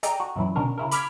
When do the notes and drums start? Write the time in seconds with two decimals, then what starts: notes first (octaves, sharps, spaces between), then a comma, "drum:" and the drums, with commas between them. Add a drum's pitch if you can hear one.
0.03 G#4 A4 D5 D#5 G5 A#5, drum: hi-hat
0.20 F#4
0.36 F#2 A#2 E3 F#3 E4
0.56 B2 D3 C#4 D4 A#4
0.78 C#3 E4 A#4
0.91 B5 D6 F6 G#6 B6, drum: hi-hat